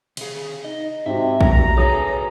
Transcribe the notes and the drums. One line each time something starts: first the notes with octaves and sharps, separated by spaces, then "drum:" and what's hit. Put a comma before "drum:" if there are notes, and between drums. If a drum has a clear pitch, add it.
C3 G#4, drum: cymbal
D#4 D#5
G#2 C3 F#4 E5
A3 A#5, drum: kick A#1
F#4 G#4 A4 B4 C#5 G#5 D#6